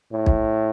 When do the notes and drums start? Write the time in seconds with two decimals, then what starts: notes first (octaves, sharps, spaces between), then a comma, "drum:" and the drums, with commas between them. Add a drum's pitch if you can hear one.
0.13 A2
0.26 drum: kick B1